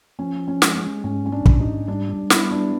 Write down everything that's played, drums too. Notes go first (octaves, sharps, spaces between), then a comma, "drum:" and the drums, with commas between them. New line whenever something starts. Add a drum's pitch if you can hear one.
F3 C#4
C#4
G#3, drum: snare
C#4
G#2 C#4
C#4
D4
G#2, drum: kick
D#4
G3 D4
D4
B3 E4, drum: snare
D4